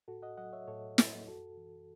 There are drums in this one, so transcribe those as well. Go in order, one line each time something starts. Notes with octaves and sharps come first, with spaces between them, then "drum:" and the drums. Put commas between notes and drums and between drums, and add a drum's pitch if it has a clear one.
A2 F#4 A4
D#5 F#5
F#3 D#5 F#5
C#5 E5
A2 A4 C#5
F#3, drum: snare
F#2 F#4 A4
E3